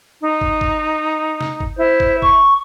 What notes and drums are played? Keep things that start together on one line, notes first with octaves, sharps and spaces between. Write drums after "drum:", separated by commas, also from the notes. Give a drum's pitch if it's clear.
D#4
drum: kick
drum: kick
drum: snare
drum: kick
E4 C5
drum: kick
C#6, drum: kick